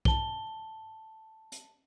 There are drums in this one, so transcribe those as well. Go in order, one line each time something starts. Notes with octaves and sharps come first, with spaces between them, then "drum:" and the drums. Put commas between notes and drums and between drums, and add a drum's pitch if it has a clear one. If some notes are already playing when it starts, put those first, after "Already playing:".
A5 G7, drum: kick
drum: hi-hat